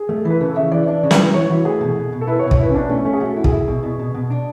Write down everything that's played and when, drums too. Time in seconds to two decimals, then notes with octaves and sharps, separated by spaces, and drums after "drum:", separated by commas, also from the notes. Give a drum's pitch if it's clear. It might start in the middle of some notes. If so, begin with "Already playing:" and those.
Already playing: G#4
0.09 A3
0.25 E3
0.30 B4
0.41 C#3 A4
0.56 C#3 E5
0.72 E3 D5
0.87 D4 D5
1.03 C#3
1.11 B4, drum: snare
1.18 E3
1.34 E3 C#5
1.49 E3 F#4
1.65 A3 G#4
1.81 B2
1.96 B2
2.12 B2
2.21 A4
2.27 E4 B4
2.39 C#5
2.43 B2
2.51 C#5, drum: kick
2.59 E4 B4
2.70 C#4
2.74 B2 D4
2.84 B3
2.90 A3 C#4
3.05 A3 C#4
3.13 G#4
3.21 A3 F#4
3.36 E4
3.44 G#4, drum: kick
3.52 E4
3.68 B2
3.83 B2
3.99 B2
4.14 B2
4.30 D4